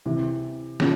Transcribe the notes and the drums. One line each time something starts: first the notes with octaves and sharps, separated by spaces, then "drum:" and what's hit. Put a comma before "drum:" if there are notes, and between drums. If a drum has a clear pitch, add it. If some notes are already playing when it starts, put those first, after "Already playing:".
C3 E3
C#3 F3, drum: snare